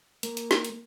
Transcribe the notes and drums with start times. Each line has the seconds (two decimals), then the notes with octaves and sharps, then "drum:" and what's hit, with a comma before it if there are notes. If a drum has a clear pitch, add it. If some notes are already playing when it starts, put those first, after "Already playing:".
0.23 A#3, drum: hi-hat
0.37 drum: hi-hat
0.51 drum: snare
0.65 drum: hi-hat